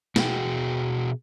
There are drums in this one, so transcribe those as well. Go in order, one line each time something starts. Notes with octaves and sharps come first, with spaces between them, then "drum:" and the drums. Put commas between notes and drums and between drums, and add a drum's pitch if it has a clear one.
B2 F#4 G#4 G5, drum: snare